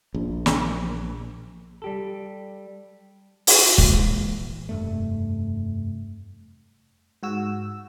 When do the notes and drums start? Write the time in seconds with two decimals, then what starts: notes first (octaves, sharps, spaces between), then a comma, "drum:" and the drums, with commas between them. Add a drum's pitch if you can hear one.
0.14 A#1
0.46 drum: snare
1.82 G3 G4 A4
3.47 drum: open hi-hat
3.78 A#2 E3 G#3 A#3, drum: kick C#1
4.69 F1 G2 A3
7.23 G#2 F#4 E6